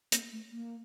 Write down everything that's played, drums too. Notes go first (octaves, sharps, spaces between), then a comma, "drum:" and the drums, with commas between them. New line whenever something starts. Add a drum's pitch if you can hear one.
A#3, drum: hi-hat
A3
A#3